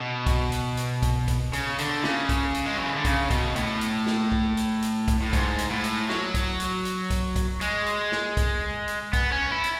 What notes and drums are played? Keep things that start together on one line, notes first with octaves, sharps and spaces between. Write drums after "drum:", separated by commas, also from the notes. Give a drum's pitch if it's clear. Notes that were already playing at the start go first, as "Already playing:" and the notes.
B2
drum: kick, hi-hat
drum: hi-hat
drum: hi-hat
drum: kick, hi-hat
drum: kick, hi-hat
C#3, drum: hi-hat
D3, drum: hi-hat
C#3, drum: snare
drum: kick, hi-hat
drum: hi-hat
G#3
F#3
E3
D3
C#3, drum: kick, hi-hat
B2, drum: kick, hi-hat
A2, drum: hi-hat
drum: hi-hat
drum: snare
drum: kick
drum: hi-hat
drum: hi-hat
drum: kick, hi-hat
A2
G#2, drum: kick, hi-hat
drum: hi-hat
A2
drum: hi-hat
F#3, drum: snare
drum: kick, hi-hat
drum: hi-hat
drum: hi-hat
drum: kick, hi-hat
drum: kick, hi-hat
G#3, drum: hi-hat
drum: hi-hat
drum: snare
drum: kick, hi-hat
drum: hi-hat
B3, drum: kick, hi-hat
C#4
E4
drum: hi-hat